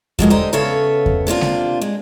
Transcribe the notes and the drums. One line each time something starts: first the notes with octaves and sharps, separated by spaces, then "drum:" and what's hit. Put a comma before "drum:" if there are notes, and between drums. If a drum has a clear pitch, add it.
F3 F#3 G#3 A#3, drum: kick E2
D3 G4 C5 D#5 A#5
C#3 B3 A4 C#5 E5 F5
drum: kick E2
C3 A#3 D4 F4
drum: snare G#3
G#3